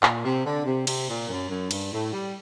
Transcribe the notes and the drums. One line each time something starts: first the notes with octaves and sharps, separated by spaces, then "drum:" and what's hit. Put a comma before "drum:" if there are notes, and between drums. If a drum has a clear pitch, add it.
A#2, drum: clap
C3
D3
C3
C3, drum: cymbal
A#2
F#2
F#2
G2, drum: cymbal
A2
G3